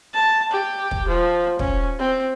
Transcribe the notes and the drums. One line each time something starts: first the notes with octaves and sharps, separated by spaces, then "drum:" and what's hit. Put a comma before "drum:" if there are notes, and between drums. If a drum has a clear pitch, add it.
A5
G4
drum: kick
F3
C#4, drum: kick
C4